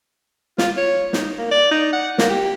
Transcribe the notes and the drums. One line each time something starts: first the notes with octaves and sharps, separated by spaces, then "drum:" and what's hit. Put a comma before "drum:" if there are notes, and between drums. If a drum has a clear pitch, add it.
F4, drum: snare
C#5
D#4, drum: snare
A#3
D5
D#4
F#5
A#3, drum: snare
G4